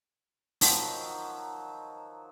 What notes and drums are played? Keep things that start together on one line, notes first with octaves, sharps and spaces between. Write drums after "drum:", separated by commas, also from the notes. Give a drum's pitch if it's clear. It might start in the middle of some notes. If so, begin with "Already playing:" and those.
D#3 F3 F#3, drum: open hi-hat